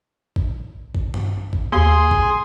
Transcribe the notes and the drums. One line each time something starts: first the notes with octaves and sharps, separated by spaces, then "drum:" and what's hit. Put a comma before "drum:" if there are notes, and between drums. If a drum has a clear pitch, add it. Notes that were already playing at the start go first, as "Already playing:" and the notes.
drum: kick G#1
drum: kick G#1
drum: tom G2
drum: kick G#1
D#2 G#4 C6
drum: kick G#1